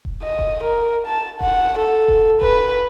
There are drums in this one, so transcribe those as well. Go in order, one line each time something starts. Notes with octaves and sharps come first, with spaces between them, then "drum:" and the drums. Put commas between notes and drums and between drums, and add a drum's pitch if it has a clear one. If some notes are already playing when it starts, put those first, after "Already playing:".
drum: kick E1
D#5
drum: kick E1
A#4
A5
F#5, drum: kick E1
A4
drum: kick E1
B4, drum: kick E1